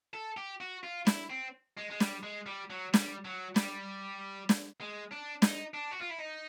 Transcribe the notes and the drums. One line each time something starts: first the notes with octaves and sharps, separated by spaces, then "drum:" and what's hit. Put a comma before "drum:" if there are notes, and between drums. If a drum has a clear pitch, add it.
A4
G4
F#4
F4
E4, drum: snare
C4
G#3
G#3
G3, drum: snare
G#3
G3
F#3
G3, drum: snare
F#3
G3, drum: snare
drum: snare
G#3
D4
D#4, drum: snare
D4
F#4
F4
E4
D#4